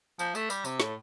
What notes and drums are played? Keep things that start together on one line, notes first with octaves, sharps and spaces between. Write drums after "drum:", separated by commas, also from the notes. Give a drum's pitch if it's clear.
F3, drum: tambourine
A3, drum: tambourine
G3, drum: tambourine
C3, drum: tambourine
A2, drum: snare